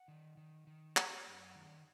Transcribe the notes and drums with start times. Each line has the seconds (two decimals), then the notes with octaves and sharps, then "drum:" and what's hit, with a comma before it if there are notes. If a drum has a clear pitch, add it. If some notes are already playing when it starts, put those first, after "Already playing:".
Already playing: F#5
0.08 D#3
0.37 D#3
0.67 D#3
0.97 F#2 F#5, drum: clap
1.26 F#2
1.55 D#3